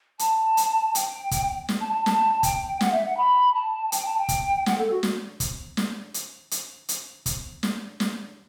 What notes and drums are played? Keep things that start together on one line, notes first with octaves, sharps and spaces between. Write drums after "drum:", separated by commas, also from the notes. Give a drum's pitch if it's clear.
A5, drum: hi-hat
drum: hi-hat
G5, drum: hi-hat
drum: kick, hi-hat
drum: snare
A5
A5
A5, drum: snare
G5, drum: kick, hi-hat
F#5, drum: snare
E5
F#5
B5
A5
G5, drum: hi-hat
A5
G5
drum: kick, hi-hat
F#5, drum: snare
A4
F#4
drum: snare
drum: kick, hi-hat
drum: snare
drum: hi-hat
drum: hi-hat
drum: hi-hat
drum: kick, hi-hat
drum: snare
drum: snare